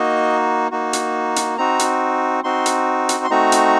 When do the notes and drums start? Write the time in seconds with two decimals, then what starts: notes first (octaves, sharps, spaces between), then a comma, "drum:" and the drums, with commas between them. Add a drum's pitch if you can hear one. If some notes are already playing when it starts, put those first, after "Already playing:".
Already playing: A#3 D#4 F#4 D#5
0.71 A#3 D#4 F#4
0.93 drum: hi-hat
1.36 drum: hi-hat
1.58 C4 D#4 F#4 A#5
1.79 drum: hi-hat
2.44 C4 D#4 F#4 C6
2.66 drum: hi-hat
3.09 drum: hi-hat
3.24 C6
3.30 A3 C4 D#4 F#4 A#5
3.52 drum: hi-hat